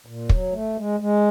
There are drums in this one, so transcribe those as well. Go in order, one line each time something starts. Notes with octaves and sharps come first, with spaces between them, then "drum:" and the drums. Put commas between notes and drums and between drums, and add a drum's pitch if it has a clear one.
A#2
F#3, drum: kick
A3
G#3
G#3